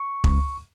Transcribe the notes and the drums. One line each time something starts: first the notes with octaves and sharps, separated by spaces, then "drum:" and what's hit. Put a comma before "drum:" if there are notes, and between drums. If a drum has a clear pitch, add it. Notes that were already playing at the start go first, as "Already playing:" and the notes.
Already playing: C#6
C#2, drum: kick E1